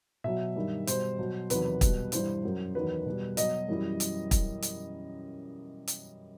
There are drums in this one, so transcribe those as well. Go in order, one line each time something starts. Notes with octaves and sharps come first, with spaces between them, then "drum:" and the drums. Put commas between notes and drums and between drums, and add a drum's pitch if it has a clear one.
B2 F#3 E5
G2 D#3 G3
B2 G3 C5, drum: hi-hat
B2 F#3
E2 C3 D#3 F#3 B4, drum: hi-hat
B2 G3, drum: kick, hi-hat
G2 E3 G3 C5, drum: hi-hat
F#2 F#3
E2 D#3 F#3 B4
B2 G3
B2 F#3 D#5, drum: hi-hat
F#2 E3 G3
drum: hi-hat
drum: kick, hi-hat
drum: hi-hat
drum: hi-hat